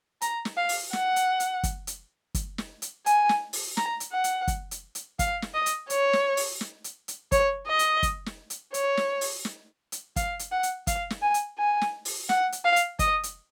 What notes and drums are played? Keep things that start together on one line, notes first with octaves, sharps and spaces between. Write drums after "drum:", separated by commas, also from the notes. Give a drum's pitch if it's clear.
A#5, drum: hi-hat
drum: snare
F5
drum: open hi-hat
F#5, drum: snare
drum: hi-hat
drum: hi-hat
drum: kick, hi-hat
drum: hi-hat
drum: kick, hi-hat
drum: snare
drum: hi-hat
G#5, drum: hi-hat
drum: snare
drum: open hi-hat
A#5, drum: snare
drum: hi-hat
F#5
drum: hi-hat
drum: kick, hi-hat
drum: hi-hat
drum: hi-hat
F5, drum: kick, hi-hat
drum: snare
D#5
drum: hi-hat
C#5, drum: hi-hat
drum: snare
drum: open hi-hat
drum: snare
drum: hi-hat
drum: hi-hat
C#5, drum: kick, hi-hat
D#5
drum: hi-hat
drum: kick, hi-hat
drum: snare
drum: hi-hat
C#5, drum: hi-hat
drum: snare
drum: open hi-hat
drum: snare
drum: hi-hat
F5, drum: kick, hi-hat
drum: hi-hat
F#5
drum: hi-hat
F5, drum: kick, hi-hat
drum: snare
G#5
drum: hi-hat
G#5
drum: snare
drum: open hi-hat
F#5, drum: snare
drum: hi-hat
F5
drum: hi-hat
D#5, drum: kick, hi-hat
drum: hi-hat